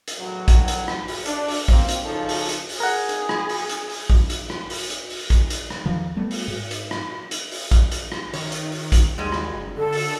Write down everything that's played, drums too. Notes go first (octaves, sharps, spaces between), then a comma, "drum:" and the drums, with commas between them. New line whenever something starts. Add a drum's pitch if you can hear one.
drum: hi-hat
E2 A2 F#3
drum: kick A#1, hi-hat
drum: hi-hat
drum: rim click
drum: open hi-hat
D4, drum: hi-hat
drum: open hi-hat
A#3 C4, drum: kick A#1
drum: hi-hat
C#3 F3 C#4 D#4 A4
drum: open hi-hat
drum: hi-hat
drum: open hi-hat
G#4 A#4 F#5
drum: hi-hat
drum: rim click
drum: open hi-hat
drum: hi-hat
drum: open hi-hat
drum: kick A#1
drum: hi-hat
drum: rim click
drum: open hi-hat
drum: hi-hat
drum: open hi-hat
drum: kick A#1, hi-hat
drum: hi-hat
drum: rim click
E2 D#3 F3
G3 A3 B3
drum: open hi-hat
G#2
drum: hi-hat
drum: rim click
drum: hi-hat
drum: open hi-hat
drum: kick A#1, hi-hat
drum: hi-hat
drum: rim click
D#3 C#5, drum: open hi-hat
drum: hi-hat
drum: open hi-hat
drum: kick A#1, hi-hat
D#2 G#2 G3 G#3
drum: rim click
F#1
D3 A4
drum: open hi-hat